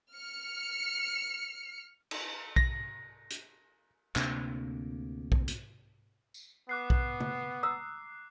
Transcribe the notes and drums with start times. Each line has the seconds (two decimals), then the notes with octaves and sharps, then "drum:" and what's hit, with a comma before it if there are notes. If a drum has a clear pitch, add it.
0.13 F6 C#7
2.11 drum: cymbal
2.56 A#6, drum: kick B1
3.30 drum: hi-hat
4.16 D2 C3 A#3 D4, drum: clap
5.32 drum: kick B1
5.48 drum: hi-hat
6.34 drum: tambourine
6.69 B3 D6 F#6 C7
6.90 drum: kick B1
7.20 drum: tom C#3
7.63 A#5 D#6 E6